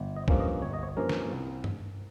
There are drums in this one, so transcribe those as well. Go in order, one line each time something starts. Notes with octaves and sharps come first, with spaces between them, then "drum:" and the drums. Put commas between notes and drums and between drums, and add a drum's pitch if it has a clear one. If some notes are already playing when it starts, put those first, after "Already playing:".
Already playing: G1
D#5
G2 F3 A#3 C#4, drum: kick
D#5
G1 C#5
D#5
C#5
G2 F3 A#3 C#4 A#4
drum: snare
C2
drum: tom G2